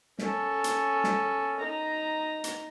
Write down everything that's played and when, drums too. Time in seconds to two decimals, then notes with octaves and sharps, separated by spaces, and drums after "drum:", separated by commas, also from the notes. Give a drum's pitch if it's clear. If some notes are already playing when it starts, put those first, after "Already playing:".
0.19 C#4 A4, drum: snare
0.64 drum: hi-hat
1.04 drum: snare
1.60 D#4 A#5
2.44 drum: hi-hat